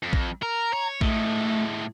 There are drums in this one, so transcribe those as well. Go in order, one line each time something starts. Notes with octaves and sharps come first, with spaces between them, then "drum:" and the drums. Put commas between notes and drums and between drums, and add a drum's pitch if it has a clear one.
F2
drum: kick
A#4 A#5
C#5
A2 G#3 A3, drum: kick